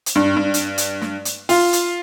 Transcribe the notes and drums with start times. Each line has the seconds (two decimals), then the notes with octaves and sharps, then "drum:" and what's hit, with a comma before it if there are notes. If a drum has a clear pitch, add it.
0.06 drum: hi-hat
0.15 G2
0.36 G2
0.54 drum: hi-hat
0.78 drum: hi-hat
1.01 drum: snare
1.25 drum: hi-hat
1.49 F4, drum: open hi-hat
1.73 drum: hi-hat